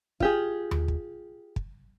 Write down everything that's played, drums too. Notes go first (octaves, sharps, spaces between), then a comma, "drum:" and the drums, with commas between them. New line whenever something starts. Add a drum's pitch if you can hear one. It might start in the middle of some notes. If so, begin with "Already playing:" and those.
F4 G4 G#4, drum: kick
drum: tom D#2
drum: kick
drum: kick